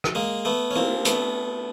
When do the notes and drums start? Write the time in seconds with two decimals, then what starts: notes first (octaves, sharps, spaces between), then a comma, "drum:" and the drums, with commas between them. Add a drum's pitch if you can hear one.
0.04 drum: rim click
0.15 G#3 A#3
0.45 A3 B3
0.71 C#4
0.76 A#3 C4, drum: cymbal
1.05 A3 B3, drum: hi-hat